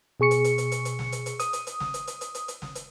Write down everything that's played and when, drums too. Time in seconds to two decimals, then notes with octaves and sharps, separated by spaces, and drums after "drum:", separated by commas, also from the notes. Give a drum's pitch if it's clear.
0.20 B2 G#4 C#6 C#7
0.31 drum: hi-hat
0.44 drum: hi-hat
0.58 drum: hi-hat
0.72 drum: hi-hat
0.85 drum: hi-hat
0.99 drum: snare
1.12 drum: hi-hat
1.26 drum: hi-hat
1.40 D#6, drum: hi-hat
1.53 drum: hi-hat
1.67 drum: hi-hat
1.80 drum: snare
1.94 drum: hi-hat
2.07 drum: hi-hat
2.21 drum: hi-hat
2.35 drum: hi-hat
2.48 drum: hi-hat
2.62 drum: snare
2.75 drum: hi-hat